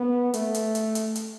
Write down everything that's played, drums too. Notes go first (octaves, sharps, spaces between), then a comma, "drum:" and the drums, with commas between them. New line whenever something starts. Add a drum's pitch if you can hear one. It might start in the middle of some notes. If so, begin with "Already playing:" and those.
Already playing: B3
A3, drum: hi-hat
drum: hi-hat
drum: hi-hat
drum: hi-hat
drum: hi-hat